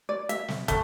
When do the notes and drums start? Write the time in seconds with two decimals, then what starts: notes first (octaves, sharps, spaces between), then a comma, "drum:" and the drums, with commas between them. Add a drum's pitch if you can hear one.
0.09 D5
0.29 E5, drum: hi-hat
0.48 drum: snare
0.68 A3, drum: kick, hi-hat